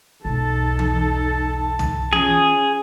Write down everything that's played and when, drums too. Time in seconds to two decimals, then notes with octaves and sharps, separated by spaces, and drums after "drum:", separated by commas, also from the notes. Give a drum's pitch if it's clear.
0.25 B1 E2 D#4 A4 A5
0.79 drum: tom E3
1.79 drum: tom
2.13 C#4 F4 G#4, drum: tom E3